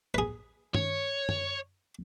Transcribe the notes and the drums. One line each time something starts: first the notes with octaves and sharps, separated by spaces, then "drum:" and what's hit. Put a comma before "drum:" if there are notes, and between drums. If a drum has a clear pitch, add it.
G#4 B4
C#5, drum: tom
drum: tom F#2